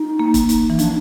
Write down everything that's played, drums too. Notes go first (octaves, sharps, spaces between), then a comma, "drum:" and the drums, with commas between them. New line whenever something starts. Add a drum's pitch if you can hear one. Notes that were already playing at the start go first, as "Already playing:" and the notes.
Already playing: D#4
A#3
drum: kick E1, hi-hat
drum: hi-hat
E3
F3 D4, drum: hi-hat